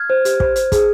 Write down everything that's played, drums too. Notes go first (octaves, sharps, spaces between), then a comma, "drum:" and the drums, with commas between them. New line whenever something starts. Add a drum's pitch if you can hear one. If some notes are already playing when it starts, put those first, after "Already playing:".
Already playing: F6 G#6
C5
G4, drum: hi-hat
C5, drum: kick
C5, drum: hi-hat
G#4, drum: kick, hi-hat